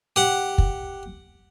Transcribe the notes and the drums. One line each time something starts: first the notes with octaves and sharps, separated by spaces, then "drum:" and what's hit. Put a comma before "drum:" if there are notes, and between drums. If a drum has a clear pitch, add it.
G4 F#5
drum: kick